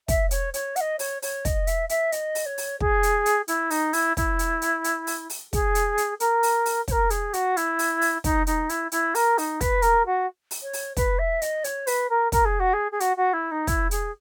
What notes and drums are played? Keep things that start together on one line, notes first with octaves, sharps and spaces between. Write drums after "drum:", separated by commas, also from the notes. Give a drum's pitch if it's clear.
E5, drum: kick, hi-hat
C#5, drum: hi-hat
C#5, drum: hi-hat
F#5, drum: hi-hat
D#5
C#5, drum: open hi-hat
C#5, drum: open hi-hat
D#5, drum: kick, hi-hat
E5, drum: hi-hat
E5, drum: hi-hat
D#5, drum: hi-hat
drum: open hi-hat
C#5
drum: open hi-hat
G#4, drum: kick
drum: hi-hat
drum: hi-hat
E4, drum: hi-hat
D#4, drum: open hi-hat
E4, drum: open hi-hat
E4, drum: kick, hi-hat
drum: hi-hat
drum: hi-hat
drum: hi-hat
drum: open hi-hat
drum: open hi-hat
G#4, drum: kick, hi-hat
drum: hi-hat
drum: hi-hat
A#4, drum: hi-hat
drum: open hi-hat
drum: open hi-hat
C#5, drum: kick, hi-hat
A#4
G#4, drum: hi-hat
F#4, drum: hi-hat
E4, drum: hi-hat
drum: open hi-hat
drum: open hi-hat
D#4, drum: kick, hi-hat
D#4, drum: hi-hat
E4, drum: hi-hat
E4, drum: hi-hat
A#4, drum: open hi-hat
D#4, drum: open hi-hat
B4, drum: kick, hi-hat
A#4, drum: hi-hat
F#4
drum: open hi-hat
C#5
drum: open hi-hat
B4, drum: kick, hi-hat
E5
D#5, drum: hi-hat
C#5, drum: hi-hat
B4, drum: open hi-hat
A#4
A#4, drum: kick, hi-hat
G#4
F#4
G#4
G#4
F#4, drum: hi-hat
F#4
E4
D#4
E4, drum: kick, hi-hat
G#4, drum: hi-hat